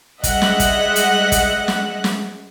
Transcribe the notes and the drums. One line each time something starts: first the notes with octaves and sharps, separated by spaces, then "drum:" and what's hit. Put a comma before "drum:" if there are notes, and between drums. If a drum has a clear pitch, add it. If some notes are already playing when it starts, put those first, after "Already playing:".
G3 G#3 D#5 E5 F#5 F#6, drum: kick, hi-hat
drum: snare
drum: kick, hi-hat
drum: hi-hat
drum: kick, hi-hat
drum: snare
drum: snare